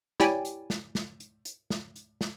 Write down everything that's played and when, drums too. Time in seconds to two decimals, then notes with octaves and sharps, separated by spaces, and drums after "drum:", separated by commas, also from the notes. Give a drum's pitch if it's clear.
0.20 E4 G4 C#5 D5 G5 G#5, drum: snare
0.45 drum: hi-hat
0.70 drum: snare
0.95 drum: snare
1.20 drum: hi-hat
1.45 drum: hi-hat
1.70 drum: snare
1.96 drum: hi-hat
2.21 drum: snare